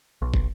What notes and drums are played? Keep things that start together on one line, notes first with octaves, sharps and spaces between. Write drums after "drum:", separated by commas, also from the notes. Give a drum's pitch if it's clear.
B1
drum: kick